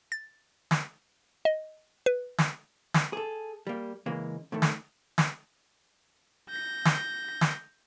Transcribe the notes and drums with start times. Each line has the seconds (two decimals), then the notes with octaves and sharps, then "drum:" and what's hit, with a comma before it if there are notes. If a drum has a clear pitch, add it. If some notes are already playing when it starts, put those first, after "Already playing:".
0.12 A6
0.71 drum: snare
1.45 D#5
2.06 B4
2.38 drum: snare
2.94 drum: snare
3.13 G#4 A4
3.67 G3 A#3
4.06 C#3 E3 G#3 A#3
4.52 A2 D#3 A3
4.62 drum: snare
5.18 drum: snare
6.50 G6 A#6
6.85 drum: snare
7.41 drum: snare